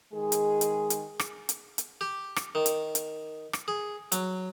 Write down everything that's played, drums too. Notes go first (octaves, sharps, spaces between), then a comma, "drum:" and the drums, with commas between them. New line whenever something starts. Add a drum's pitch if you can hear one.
D#3 G#3 G#4
drum: hi-hat
drum: hi-hat
drum: hi-hat
drum: rim click
drum: hi-hat
drum: hi-hat
G4
drum: rim click
D#3
drum: hi-hat
drum: hi-hat
drum: rim click
G#4
F#3, drum: hi-hat